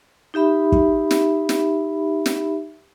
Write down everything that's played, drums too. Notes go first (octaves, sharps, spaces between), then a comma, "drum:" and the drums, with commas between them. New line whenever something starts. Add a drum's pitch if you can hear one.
D#4 G4 E5 B5
drum: kick
drum: snare
drum: snare
drum: snare